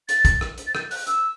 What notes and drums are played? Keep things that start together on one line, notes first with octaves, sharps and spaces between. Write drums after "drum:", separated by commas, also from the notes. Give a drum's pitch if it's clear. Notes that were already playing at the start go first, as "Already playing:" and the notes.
A6, drum: hi-hat
drum: kick A#1, hi-hat
drum: rim click
drum: hi-hat
A6
G6, drum: rim click
F#6, drum: open hi-hat
E6, drum: hi-hat